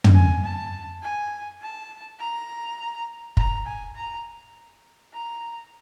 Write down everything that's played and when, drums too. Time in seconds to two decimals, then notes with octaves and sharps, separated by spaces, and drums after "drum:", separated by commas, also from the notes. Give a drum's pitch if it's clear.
0.04 drum: tom
0.14 G#5
0.43 A5
1.03 G#5
1.61 A5
2.19 A#5
3.37 A#5, drum: kick
3.66 G#5
3.95 A#5
5.13 A#5